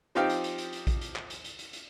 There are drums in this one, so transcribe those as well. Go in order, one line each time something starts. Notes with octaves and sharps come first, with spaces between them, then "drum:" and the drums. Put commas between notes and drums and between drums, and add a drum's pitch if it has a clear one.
F3 C4 D#4 G4 F5 G5
drum: hi-hat
drum: hi-hat
drum: hi-hat
drum: hi-hat
drum: kick A#1, hi-hat
drum: hi-hat
drum: clap
drum: hi-hat
drum: hi-hat
drum: hi-hat
drum: hi-hat